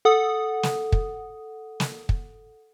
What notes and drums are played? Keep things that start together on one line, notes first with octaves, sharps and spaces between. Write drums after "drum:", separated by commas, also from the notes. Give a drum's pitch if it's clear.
A4 F#5 D#6
drum: snare
drum: kick
drum: snare
drum: kick